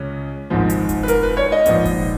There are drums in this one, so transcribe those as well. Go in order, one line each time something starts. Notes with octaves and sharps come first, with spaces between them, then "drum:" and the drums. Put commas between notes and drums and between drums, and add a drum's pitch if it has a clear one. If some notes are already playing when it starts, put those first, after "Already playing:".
Already playing: C#2 C#3 C#4
G#1 G#2 F3
drum: hi-hat
drum: kick F1, hi-hat
B4
A#4, drum: hi-hat
B4
C#5
D#5
A#1 G#2 F3, drum: hi-hat
drum: kick F1, open hi-hat